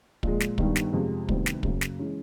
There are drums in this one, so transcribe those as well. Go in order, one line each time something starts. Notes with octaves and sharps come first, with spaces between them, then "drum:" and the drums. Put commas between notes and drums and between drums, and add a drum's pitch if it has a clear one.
A#2 F3 G#3, drum: kick
drum: snare
G1 G2 D#3 G3, drum: kick
drum: snare
F2 C3 F3 G#3
D2 C3 D#3 G3 B3, drum: kick
drum: snare
F#1 F#2 C#3, drum: kick
drum: snare
E3 G#3 C#4